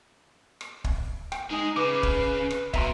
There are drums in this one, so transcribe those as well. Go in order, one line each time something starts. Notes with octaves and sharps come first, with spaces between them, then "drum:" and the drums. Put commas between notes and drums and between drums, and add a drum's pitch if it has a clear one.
drum: rim click
drum: kick
G5, drum: rim click
G#3 D#4 G#4
C#3 B4 D6
drum: kick
drum: rim click
B1 B2 E5 A#5 C6, drum: kick